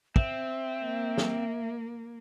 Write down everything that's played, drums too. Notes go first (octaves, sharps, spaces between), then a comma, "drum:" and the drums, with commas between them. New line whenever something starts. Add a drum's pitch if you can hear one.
C4 E5, drum: kick
A#3
drum: snare